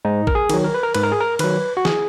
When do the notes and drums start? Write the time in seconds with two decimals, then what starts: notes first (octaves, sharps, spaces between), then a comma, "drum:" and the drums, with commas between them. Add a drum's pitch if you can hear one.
0.05 G#2 D#4
0.27 A#4, drum: kick A1
0.35 G#4
0.49 D#3 F#3, drum: cymbal
0.65 A#4
0.74 B4
0.83 A#4
0.95 G#2 B4, drum: cymbal
1.03 A#4
1.12 G#4
1.21 A#4
1.39 D#3 F#3 B4, drum: cymbal
1.77 F#4
1.85 G#4, drum: snare